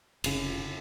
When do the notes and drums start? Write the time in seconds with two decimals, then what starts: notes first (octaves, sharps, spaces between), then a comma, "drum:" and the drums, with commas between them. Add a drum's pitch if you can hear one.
0.24 F1 C#3, drum: cymbal